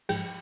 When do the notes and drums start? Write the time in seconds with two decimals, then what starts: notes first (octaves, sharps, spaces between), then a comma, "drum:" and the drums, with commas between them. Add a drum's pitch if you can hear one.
0.09 G#2 F3 G#3 G5, drum: cymbal